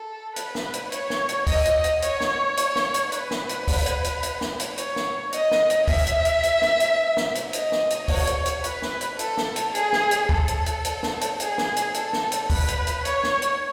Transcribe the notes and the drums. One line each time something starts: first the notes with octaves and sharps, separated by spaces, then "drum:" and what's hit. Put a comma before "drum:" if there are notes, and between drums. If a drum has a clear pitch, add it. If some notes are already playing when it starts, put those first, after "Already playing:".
Already playing: A4
B4, drum: hi-hat
drum: snare
drum: hi-hat
C#5, drum: hi-hat
drum: snare
drum: hi-hat
D#5, drum: kick, open hi-hat
drum: hi-hat
drum: hi-hat
C#5, drum: hi-hat
drum: snare
drum: hi-hat
drum: snare
drum: hi-hat
B4, drum: hi-hat
drum: snare
drum: hi-hat
drum: kick, open hi-hat
drum: hi-hat
drum: hi-hat
drum: hi-hat
drum: snare
drum: hi-hat
C#5, drum: hi-hat
drum: snare
D#5, drum: hi-hat
drum: snare
drum: hi-hat
E5, drum: kick, open hi-hat
drum: hi-hat
drum: hi-hat
drum: hi-hat
drum: snare
drum: hi-hat
drum: snare
drum: hi-hat
D#5, drum: hi-hat
drum: snare
drum: hi-hat
C#5, drum: kick, open hi-hat
drum: hi-hat
drum: hi-hat
B4, drum: hi-hat
drum: snare
drum: hi-hat
A4, drum: hi-hat
drum: snare
drum: hi-hat
G#4, drum: hi-hat
drum: snare
drum: hi-hat
A4, drum: kick
drum: hi-hat
drum: hi-hat
drum: hi-hat
drum: snare
drum: hi-hat
G#4, drum: hi-hat
drum: snare
drum: hi-hat
A4, drum: hi-hat
drum: snare
drum: hi-hat
B4, drum: kick, open hi-hat
drum: hi-hat
drum: hi-hat
C#5, drum: hi-hat
drum: snare
drum: hi-hat